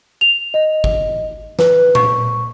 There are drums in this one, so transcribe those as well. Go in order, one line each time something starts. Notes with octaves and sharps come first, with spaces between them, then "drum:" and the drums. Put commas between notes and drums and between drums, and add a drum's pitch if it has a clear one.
F7
D#5
drum: kick
B4, drum: snare
C#6, drum: tom A#2